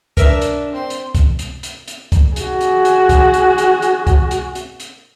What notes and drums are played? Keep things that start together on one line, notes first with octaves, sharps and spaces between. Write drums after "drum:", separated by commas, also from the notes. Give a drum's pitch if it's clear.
D4 A#4 B4 E5, drum: kick C2, hi-hat
drum: hi-hat
C4 C6
drum: hi-hat
drum: kick C2, hi-hat
drum: hi-hat
drum: hi-hat
drum: hi-hat
drum: kick C2, hi-hat
F#4 G#4, drum: hi-hat
drum: hi-hat
drum: hi-hat
drum: kick C2, hi-hat
drum: hi-hat
drum: hi-hat
drum: hi-hat
drum: kick C2, hi-hat
drum: hi-hat
drum: hi-hat
drum: hi-hat